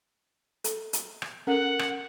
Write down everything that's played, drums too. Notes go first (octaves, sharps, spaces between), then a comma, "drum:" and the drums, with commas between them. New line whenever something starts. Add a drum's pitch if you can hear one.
A4, drum: hi-hat
drum: hi-hat
drum: rim click
C#4 A4 A#4 F#5
drum: rim click